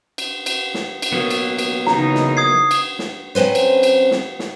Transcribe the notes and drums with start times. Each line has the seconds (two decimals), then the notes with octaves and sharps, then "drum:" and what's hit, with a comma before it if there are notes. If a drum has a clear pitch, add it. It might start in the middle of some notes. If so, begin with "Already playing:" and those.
0.18 drum: cymbal
0.46 drum: cymbal
0.74 drum: snare
1.02 drum: cymbal
1.12 F#3 A#3 B3
1.30 drum: cymbal
1.59 drum: cymbal
1.87 C#3 E3 D#4 A#5, drum: snare
2.15 drum: snare
2.37 D#6 G#6 C7
2.71 drum: cymbal
2.99 drum: snare
3.35 F#3 C4 C#4 B4 C5
3.55 drum: cymbal
3.83 drum: cymbal
4.11 drum: snare
4.39 drum: snare